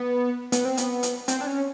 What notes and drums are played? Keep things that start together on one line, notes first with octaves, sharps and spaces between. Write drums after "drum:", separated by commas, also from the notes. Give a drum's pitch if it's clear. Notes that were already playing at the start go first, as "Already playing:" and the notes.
Already playing: B3
B3, drum: hi-hat
C4
B3, drum: hi-hat
drum: hi-hat
C4, drum: hi-hat
D4
C#4